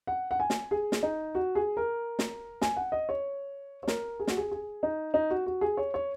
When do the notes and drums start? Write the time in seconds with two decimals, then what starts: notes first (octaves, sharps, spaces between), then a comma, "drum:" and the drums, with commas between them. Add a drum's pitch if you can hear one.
0.07 F#5
0.31 F#5
0.40 G#5
0.50 drum: snare
0.71 G#4
0.92 drum: snare
1.03 D#4
1.35 F#4
1.55 G#4
1.77 A#4
2.19 drum: snare
2.62 G#5, drum: snare
2.76 F#5
2.92 D#5
3.09 C#5
3.83 C#5
3.87 A#4, drum: snare
4.20 G#4
4.27 F#4, drum: snare
4.37 G#4
4.52 G#4
4.83 D#4
5.14 D#4
5.30 F#4
5.46 F#4
5.61 G#4
5.77 C#5
5.94 C#5